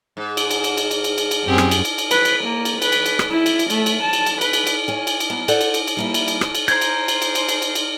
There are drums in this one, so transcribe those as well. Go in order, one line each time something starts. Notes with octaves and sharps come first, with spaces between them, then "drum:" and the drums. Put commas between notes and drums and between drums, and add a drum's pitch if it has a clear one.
G#2
drum: cymbal
drum: cymbal
drum: cymbal
drum: cymbal
drum: cymbal
drum: cymbal
drum: cymbal
drum: cymbal
F#2 C4 G4 G#4
drum: rim click
drum: cymbal
drum: cymbal
drum: cymbal
B4, drum: cymbal
drum: cymbal
A#3
drum: cymbal
B4, drum: cymbal
drum: cymbal
drum: cymbal
drum: rim click
E4
drum: cymbal
drum: cymbal
A3, drum: cymbal
drum: cymbal
A5
drum: cymbal
drum: cymbal
B4, drum: cymbal
drum: cymbal
drum: cymbal
C#5 G#5
drum: cymbal
drum: cymbal
F#3 B3
A4 C5 D5 F#5, drum: cymbal
drum: cymbal
drum: cymbal
drum: cymbal
G3 A#3 E4
drum: cymbal
drum: cymbal
drum: rim click
drum: cymbal
C5 A#5 G6 G#6, drum: cymbal
drum: cymbal
drum: cymbal
drum: cymbal
drum: cymbal
drum: cymbal
drum: cymbal
drum: cymbal